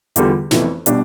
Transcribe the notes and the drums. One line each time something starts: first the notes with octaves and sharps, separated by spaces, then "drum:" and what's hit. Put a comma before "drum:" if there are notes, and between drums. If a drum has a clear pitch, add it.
E2 D3 G3 B3 F4, drum: hi-hat
F1 F2 E3 B3, drum: snare
B2 G3 D4, drum: hi-hat